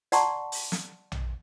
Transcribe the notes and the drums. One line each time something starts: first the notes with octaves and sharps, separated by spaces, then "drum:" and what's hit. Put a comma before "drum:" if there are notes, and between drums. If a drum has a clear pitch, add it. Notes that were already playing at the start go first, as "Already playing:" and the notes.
D5 F#5 A5 A#5 C6 C#6, drum: hi-hat
drum: open hi-hat
drum: snare
drum: tom A#1